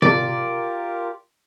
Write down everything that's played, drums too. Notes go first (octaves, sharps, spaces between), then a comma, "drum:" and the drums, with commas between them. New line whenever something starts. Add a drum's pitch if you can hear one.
F4 G4 A#4 D5, drum: tom C3